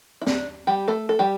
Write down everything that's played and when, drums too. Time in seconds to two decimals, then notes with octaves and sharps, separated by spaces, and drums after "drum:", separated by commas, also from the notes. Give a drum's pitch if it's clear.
0.21 E4
0.27 D4, drum: snare
0.67 G3 G4
0.88 A3 A4
1.09 A4
1.19 G3 G4